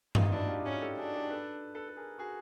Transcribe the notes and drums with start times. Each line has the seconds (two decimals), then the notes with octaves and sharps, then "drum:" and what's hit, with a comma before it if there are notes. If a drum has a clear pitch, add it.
0.15 D#4 F4, drum: tom G2
0.32 D4 E4 F#4
0.48 F4 G4
0.59 G4
0.65 C#4 F#4 G#4
0.81 G4 A4
0.98 D4 F#4 G#4
1.14 G4 A4
1.30 A4 B4
1.75 A4 B4
1.89 A4
1.97 G#4 A#4
2.18 F#4 G#4